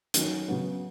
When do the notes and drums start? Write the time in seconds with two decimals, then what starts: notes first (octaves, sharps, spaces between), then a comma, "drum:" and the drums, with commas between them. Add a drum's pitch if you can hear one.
0.14 D#3 F#3 C#4, drum: hi-hat
0.48 C#3 F#3 B3